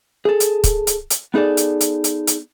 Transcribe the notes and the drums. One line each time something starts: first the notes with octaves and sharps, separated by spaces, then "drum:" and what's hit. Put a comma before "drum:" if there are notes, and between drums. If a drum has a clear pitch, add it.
G#4 A4
drum: hi-hat
drum: kick, hi-hat
drum: hi-hat
drum: hi-hat
B3 D#4 G#4 A4 D5
drum: hi-hat
drum: hi-hat
drum: hi-hat
drum: hi-hat